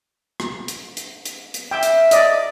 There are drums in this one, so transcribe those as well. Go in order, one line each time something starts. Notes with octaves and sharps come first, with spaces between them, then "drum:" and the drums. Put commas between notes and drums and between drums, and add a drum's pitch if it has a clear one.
drum: rim click
drum: hi-hat
drum: hi-hat
drum: hi-hat
drum: hi-hat
E4 E5 F5 G5
drum: hi-hat
D5 D#5, drum: hi-hat